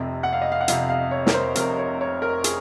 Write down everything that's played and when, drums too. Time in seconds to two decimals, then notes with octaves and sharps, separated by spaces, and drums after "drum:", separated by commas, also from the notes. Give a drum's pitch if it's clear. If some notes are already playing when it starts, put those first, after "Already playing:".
Already playing: F1 F2 C3
0.23 F#5
0.33 F5
0.42 D#5
0.52 F5
0.61 F#5
0.68 F1 F2 C3 F5, drum: hi-hat
0.89 F5
1.11 C#5
1.27 A#4, drum: snare
1.34 C5
1.55 F1 F2 C3 A#4, drum: hi-hat
1.79 C#5
2.01 C#5
2.22 A#4
2.44 G#4, drum: hi-hat